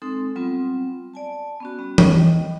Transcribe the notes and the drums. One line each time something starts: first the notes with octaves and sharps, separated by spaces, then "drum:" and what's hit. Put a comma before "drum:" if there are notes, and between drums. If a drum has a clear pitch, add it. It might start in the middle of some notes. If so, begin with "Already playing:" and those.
G#3 C4 D#4 A4 C6
F#3 G3 B3 C4 F4
D5 G#5 A5
B3 C#4 F#4
G3 B3 C#4
B3 D#5 G5, drum: tom E3